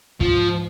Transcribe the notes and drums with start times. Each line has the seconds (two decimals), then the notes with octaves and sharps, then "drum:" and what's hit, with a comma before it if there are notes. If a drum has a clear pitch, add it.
0.21 G#2 F3, drum: kick